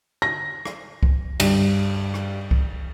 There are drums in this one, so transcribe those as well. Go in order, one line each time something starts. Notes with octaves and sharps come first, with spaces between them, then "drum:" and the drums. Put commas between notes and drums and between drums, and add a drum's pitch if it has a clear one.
A#6
drum: rim click
drum: kick C2
G2, drum: cymbal
drum: rim click
drum: kick C2